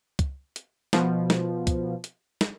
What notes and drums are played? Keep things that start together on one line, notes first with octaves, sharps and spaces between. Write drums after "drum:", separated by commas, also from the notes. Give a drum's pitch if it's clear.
drum: kick, hi-hat
drum: hi-hat
B2 F3, drum: snare
drum: snare
drum: kick, hi-hat
drum: hi-hat
drum: snare